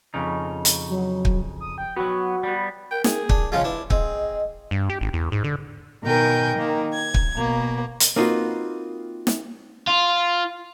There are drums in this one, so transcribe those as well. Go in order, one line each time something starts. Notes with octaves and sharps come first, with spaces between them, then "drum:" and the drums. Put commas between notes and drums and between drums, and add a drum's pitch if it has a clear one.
F2 C#3 D#4
drum: hi-hat
F#3
drum: kick
D#6
G5
F#3 B3 F#4
G3 B3
A#4 G5
G#4, drum: snare
D4 G4, drum: kick
C#3 F3 G#3 F4
D4 E4 B4
C4 G#4 D#5, drum: kick
G2
G4
G#1
E2
G#2
D3
B2 D#3 A#4 G5 G#5 G6
D#3 A#3
G#6
drum: kick
B2 A#3
drum: hi-hat
A#3 C4 D#4 F4 F#4 B4
drum: snare
F4